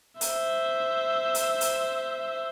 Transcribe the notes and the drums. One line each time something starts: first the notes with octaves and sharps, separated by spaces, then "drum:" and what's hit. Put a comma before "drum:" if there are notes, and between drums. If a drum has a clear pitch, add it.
C5 E5, drum: hi-hat
drum: hi-hat
drum: hi-hat